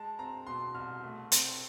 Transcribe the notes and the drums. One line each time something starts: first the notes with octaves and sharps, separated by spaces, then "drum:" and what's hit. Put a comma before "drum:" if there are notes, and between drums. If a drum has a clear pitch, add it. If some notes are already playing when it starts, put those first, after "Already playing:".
Already playing: G#3 A5
C4 A#5
B2 C6
C2 F6
A3
C4, drum: hi-hat